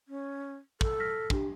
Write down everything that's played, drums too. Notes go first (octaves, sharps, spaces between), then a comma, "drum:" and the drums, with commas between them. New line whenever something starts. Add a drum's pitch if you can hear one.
C#4
A4, drum: kick
F6 A#6 B6
D4 G4, drum: kick